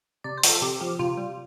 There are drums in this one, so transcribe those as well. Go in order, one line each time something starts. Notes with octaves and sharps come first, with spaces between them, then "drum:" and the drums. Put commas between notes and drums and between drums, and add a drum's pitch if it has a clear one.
C3 D5
C5
F3, drum: open hi-hat
A4
C3 G4
F3 G4
C3 F4
G3